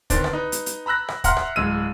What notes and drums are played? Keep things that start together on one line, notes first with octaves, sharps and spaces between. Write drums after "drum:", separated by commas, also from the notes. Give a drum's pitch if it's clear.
D3 D#3 B3 C4 D4, drum: kick, hi-hat
drum: rim click
D#4 B4
drum: hi-hat
drum: hi-hat
A#5 B5 E6 F#6 A#6
drum: rim click
E5 F#5 A#5 C6 F6, drum: kick, hi-hat
drum: rim click
D1 G#3 E6 D#7